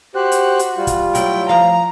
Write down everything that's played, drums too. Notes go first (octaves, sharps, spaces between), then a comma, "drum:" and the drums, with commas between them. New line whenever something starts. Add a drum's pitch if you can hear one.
F#4 G4 C5 F#6
drum: hi-hat
drum: hi-hat
G3 F4
drum: kick, hi-hat
F#3 E4 G5, drum: hi-hat
F3 F5 A#5